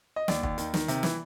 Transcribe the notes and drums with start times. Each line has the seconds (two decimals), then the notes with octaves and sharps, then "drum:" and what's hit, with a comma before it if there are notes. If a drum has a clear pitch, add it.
0.16 D#5
0.28 D#2 D5, drum: snare
0.43 D#2, drum: kick
0.58 D#3, drum: hi-hat
0.74 D#3, drum: snare
0.88 C3, drum: hi-hat
1.03 E3, drum: snare